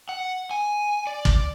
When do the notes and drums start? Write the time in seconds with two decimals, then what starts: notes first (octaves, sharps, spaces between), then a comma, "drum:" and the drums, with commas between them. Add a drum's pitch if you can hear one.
0.09 F#5
0.51 G#5
1.07 D5
1.25 drum: kick